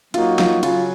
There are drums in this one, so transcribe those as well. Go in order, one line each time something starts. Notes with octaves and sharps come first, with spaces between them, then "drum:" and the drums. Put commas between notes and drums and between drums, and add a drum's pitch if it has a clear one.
F#3 A#3 D#4 F4 F#4, drum: cymbal
F4, drum: snare
C#3 F#3 F4, drum: cymbal